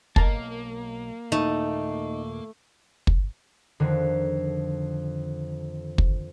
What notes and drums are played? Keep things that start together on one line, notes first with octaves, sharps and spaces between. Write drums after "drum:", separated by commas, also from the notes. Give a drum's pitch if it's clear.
B1 A#3 A#4 A5, drum: kick
D#2 A#2 A3 D#4
drum: kick
F2 D3 D#3
drum: kick